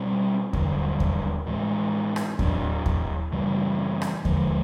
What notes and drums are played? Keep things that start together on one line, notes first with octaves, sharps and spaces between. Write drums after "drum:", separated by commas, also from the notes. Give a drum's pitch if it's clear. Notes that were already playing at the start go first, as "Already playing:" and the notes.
Already playing: B2 G3 C4
G2 D3 F#3, drum: kick D#2
drum: kick D#2
A2 E3 G#3
drum: rim click
A2 F#3 B3 D4, drum: kick D#2
drum: kick D#2
F#2 C#3 E3 G3
drum: rim click
D3 F3 G#3, drum: kick D#2